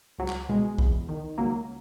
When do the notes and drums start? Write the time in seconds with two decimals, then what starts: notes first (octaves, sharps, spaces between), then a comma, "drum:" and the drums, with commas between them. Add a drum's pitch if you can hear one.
0.18 C#2 F#3
0.28 drum: clap
0.49 B2 G#3
0.78 E2, drum: kick
1.09 D#3
1.38 C#2 F#3 A#3